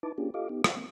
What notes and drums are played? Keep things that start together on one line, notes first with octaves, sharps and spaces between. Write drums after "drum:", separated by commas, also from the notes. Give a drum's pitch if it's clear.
D#4 E4 B4 A5 D6
A#3 C#4 D4 F4 G4 G#4
F4 G4 A4 D#5 F5 D6
B3 D#4 G4
C5 F#5 C#6 E6, drum: rim click
A#3 C4